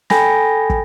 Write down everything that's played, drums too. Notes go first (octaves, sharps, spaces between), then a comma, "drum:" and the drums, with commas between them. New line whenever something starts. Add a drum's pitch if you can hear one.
A4 G5 G#5 B5 A#6, drum: snare
drum: kick